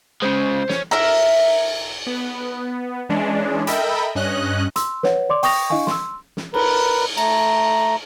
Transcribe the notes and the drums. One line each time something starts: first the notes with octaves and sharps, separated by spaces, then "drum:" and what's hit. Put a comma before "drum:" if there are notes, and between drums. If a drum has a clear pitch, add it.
C#3 G#3 C5
C#4, drum: snare
A#4 E5 A#5, drum: cymbal
B3
E3 G#3 C#4 D4
A4 A#4 D#5 E5 G5 B5, drum: hi-hat
G2 C#4 D#5 F#6
C6 E6, drum: hi-hat
B4 C#5 F#5, drum: snare
D5 C6 D6
G5 C#6 D#6 A#6 F7, drum: open hi-hat
D4 E4 D#5 F5 G#5 C#6
C6 E6, drum: snare
drum: snare
A#4 B4, drum: cymbal
A3 A#5, drum: cymbal